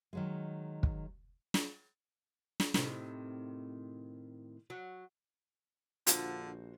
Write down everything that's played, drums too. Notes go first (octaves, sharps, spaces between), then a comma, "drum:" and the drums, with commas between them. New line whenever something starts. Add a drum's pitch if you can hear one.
D#3 F#3 G#3
drum: kick
drum: snare
drum: snare
A2 C3 D#3, drum: snare
F#3
A#1 D3 F4 F#4 C5, drum: hi-hat